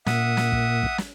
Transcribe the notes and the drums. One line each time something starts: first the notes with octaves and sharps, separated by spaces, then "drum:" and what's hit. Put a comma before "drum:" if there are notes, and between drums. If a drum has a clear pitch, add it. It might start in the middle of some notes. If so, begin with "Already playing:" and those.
A#2 E5 F#5 D#6, drum: snare
drum: snare
drum: kick
drum: kick
drum: snare